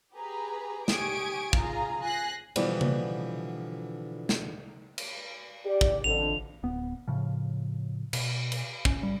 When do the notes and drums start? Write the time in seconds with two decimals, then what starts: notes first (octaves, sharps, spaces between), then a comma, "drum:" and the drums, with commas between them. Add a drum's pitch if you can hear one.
0.15 G4 G#4 B4 A#5
0.88 G4 G#5 C#6 D#6 G#6 D7, drum: snare
1.53 F4 G#4 A#5, drum: kick
2.02 G#5 F#6 A#6 C7
2.56 B2 D3 E3 F3 G3 B3, drum: cymbal
2.81 drum: tom C#3
4.29 drum: snare
4.98 drum: cymbal
5.65 G4 D5
5.81 drum: kick
6.04 A1 F2 D3 F7
6.63 D1 B3
7.08 A2 C#3 F3
8.13 B2, drum: cymbal
8.52 drum: cymbal
8.85 C#4, drum: kick
9.03 G3